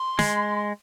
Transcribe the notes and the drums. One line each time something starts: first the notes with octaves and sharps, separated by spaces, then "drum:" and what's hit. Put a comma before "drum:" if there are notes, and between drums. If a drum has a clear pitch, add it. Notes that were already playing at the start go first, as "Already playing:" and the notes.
Already playing: C6
G#3, drum: snare